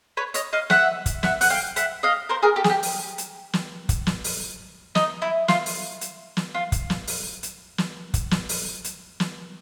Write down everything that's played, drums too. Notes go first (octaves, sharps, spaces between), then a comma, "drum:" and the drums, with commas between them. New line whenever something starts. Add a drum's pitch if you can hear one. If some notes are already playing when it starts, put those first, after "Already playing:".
B4 C#5
C#5 D#5, drum: hi-hat
D#5 F5
E5 F#5, drum: snare
drum: kick, hi-hat
E5 F#5, drum: snare
F#5, drum: open hi-hat
F5 G5
E5 F#5, drum: hi-hat
D#5 F5
A#4 C5
G#4 A#4
G4 A4
G#4, drum: snare
G4
drum: open hi-hat
drum: hi-hat
drum: snare
drum: kick, hi-hat
drum: snare
drum: open hi-hat
D#4, drum: snare
E4
F4, drum: snare
drum: open hi-hat
drum: hi-hat
drum: snare
F4
drum: kick, hi-hat
drum: snare
drum: open hi-hat
drum: hi-hat
drum: snare
drum: kick, hi-hat
drum: snare
drum: open hi-hat
drum: hi-hat
drum: snare